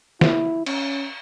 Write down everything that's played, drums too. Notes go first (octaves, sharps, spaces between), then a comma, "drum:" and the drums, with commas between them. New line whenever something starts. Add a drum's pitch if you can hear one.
E4, drum: snare
C#4, drum: cymbal